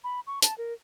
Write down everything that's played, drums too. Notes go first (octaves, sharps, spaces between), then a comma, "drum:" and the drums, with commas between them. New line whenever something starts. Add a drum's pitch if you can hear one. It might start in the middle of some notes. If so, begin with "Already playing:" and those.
B5
C#6
A5, drum: hi-hat
A#4